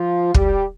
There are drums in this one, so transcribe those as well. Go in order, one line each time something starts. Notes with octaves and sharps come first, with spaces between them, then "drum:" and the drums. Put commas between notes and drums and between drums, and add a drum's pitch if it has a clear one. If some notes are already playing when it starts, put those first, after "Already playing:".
Already playing: F3 F4
G3 G4, drum: kick